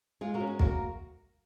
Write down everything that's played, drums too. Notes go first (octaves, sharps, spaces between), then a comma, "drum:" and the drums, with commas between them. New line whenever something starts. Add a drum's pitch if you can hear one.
G#3 F4 G#4
F#4 A#4
C#4
F#4
A#3 F#4 A#4, drum: kick